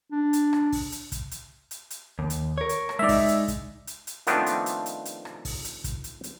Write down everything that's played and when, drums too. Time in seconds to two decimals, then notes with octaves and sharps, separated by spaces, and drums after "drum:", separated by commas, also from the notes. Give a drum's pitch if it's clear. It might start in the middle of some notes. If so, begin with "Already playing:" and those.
0.12 D4
0.33 drum: hi-hat
0.53 drum: rim click
0.72 drum: kick, open hi-hat
0.92 drum: hi-hat
1.12 drum: kick, hi-hat
1.31 drum: hi-hat
1.71 drum: hi-hat
1.90 drum: hi-hat
2.19 D#2
2.30 drum: hi-hat
2.58 A#4 C#5
2.69 drum: hi-hat
2.89 drum: rim click
2.99 G#3 D#4 D5 E5
3.09 drum: kick, open hi-hat
3.28 drum: hi-hat
3.48 drum: kick, hi-hat
3.87 drum: hi-hat
4.07 drum: hi-hat
4.27 D#3 F3 A3 B3 C4 D4, drum: hi-hat
4.46 drum: hi-hat
4.66 drum: hi-hat
4.86 drum: hi-hat
5.05 drum: hi-hat
5.25 drum: rim click
5.45 drum: kick, open hi-hat
5.64 drum: hi-hat
5.84 drum: kick, hi-hat
6.04 drum: hi-hat
6.24 drum: hi-hat